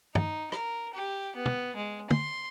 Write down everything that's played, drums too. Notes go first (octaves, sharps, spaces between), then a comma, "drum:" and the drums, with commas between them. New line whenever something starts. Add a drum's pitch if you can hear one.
D#4, drum: tom
A#4, drum: rim click
G4
B3
drum: tom
G#3
C6, drum: tom